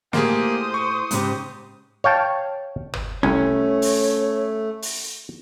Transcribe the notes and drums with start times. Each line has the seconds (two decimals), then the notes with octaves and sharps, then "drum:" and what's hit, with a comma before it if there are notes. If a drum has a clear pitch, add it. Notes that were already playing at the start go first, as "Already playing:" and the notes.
0.13 A2 A#3 G4 G#4 C5 D#6, drum: snare
0.74 C#6
1.11 G#2 C#3 G4, drum: hi-hat
2.04 C#5 F5 G5 A5
2.94 drum: tom
3.23 C2 A3 C#4 C#5 G#5
3.82 drum: open hi-hat
4.82 drum: open hi-hat